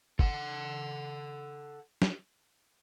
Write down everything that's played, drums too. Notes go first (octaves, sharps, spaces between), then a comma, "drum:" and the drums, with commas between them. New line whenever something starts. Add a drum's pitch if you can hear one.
A4 F#5, drum: kick
drum: snare